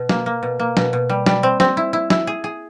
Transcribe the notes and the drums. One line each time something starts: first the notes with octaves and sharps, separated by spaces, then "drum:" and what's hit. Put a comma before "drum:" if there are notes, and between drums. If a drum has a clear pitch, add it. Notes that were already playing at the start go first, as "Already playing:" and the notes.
Already playing: B2
A#3, drum: snare
A#3
B2
A#3
B2, drum: snare
B2
G3
G3, drum: snare
C4
C4, drum: snare
E4
E4
E4, drum: snare
G#4
G#4